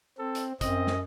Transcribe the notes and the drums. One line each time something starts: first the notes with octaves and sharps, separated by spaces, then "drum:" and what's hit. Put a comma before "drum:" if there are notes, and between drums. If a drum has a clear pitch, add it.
C4 A4
drum: hi-hat
F#2 C4 D#5, drum: kick, hi-hat
drum: snare